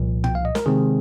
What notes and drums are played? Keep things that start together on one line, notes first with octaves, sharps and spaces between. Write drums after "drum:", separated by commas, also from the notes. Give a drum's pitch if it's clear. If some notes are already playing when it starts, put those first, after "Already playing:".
Already playing: C2 A#2 F3
G5, drum: tom A#2
F5
D#5
A#4, drum: snare
C3 D#3 G#3 C4 G#4